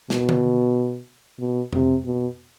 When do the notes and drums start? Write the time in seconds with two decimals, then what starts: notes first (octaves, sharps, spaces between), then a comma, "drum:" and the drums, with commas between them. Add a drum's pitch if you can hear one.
0.10 B2, drum: snare
0.29 drum: tom D3
1.40 B2
1.73 C3, drum: tom F2
2.05 B2